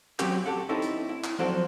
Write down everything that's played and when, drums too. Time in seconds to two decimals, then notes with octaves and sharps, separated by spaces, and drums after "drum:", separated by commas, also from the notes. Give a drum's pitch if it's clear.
0.19 F#3 C4 C#4 G4, drum: clap
0.46 G4 A4 F#5
0.69 C4 C#4 D#4 E4 A4
0.82 drum: hi-hat
1.09 E4
1.24 drum: clap
1.39 F3 F#3 C4 F#4 A4 D5